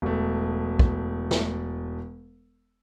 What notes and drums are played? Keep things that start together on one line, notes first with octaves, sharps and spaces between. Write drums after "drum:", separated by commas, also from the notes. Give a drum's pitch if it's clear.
E1 A3
drum: kick
drum: snare